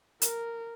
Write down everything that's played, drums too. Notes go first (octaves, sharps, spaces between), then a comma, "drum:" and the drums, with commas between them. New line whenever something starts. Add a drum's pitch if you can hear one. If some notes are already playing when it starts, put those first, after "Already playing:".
A#4, drum: hi-hat